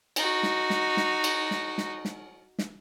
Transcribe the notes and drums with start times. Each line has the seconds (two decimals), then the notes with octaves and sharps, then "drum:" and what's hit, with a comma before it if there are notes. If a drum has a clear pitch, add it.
0.16 D#4 F#4, drum: cymbal
0.43 drum: snare
0.70 drum: snare
0.97 drum: snare
1.24 drum: cymbal
1.51 drum: snare
1.78 drum: snare
2.05 drum: snare
2.59 drum: snare